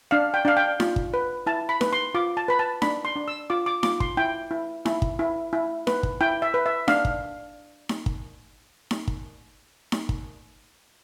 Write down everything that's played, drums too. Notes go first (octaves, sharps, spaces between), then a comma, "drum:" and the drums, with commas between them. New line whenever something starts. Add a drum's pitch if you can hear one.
D4 F5
G5
D4 F5
G5
F4, drum: snare D#4
drum: kick
B4
E4 A5
B5
B4, drum: snare D#4
C6
F4 D6
A5
B4 B5
A5
D4 B5, drum: snare D#4
C6
D4
E6
F4 D6
D6
F4 D6, drum: snare D#4
C6, drum: kick
E4 G5
E4
E4, drum: snare D#4
drum: kick
E4
E4
B4, drum: snare D#4
drum: kick
E4 G5
E5
B4
E5
D4 F5, drum: snare D#4
drum: kick
drum: snare D#4
drum: kick
drum: snare D#4
drum: kick
drum: snare D#4
drum: kick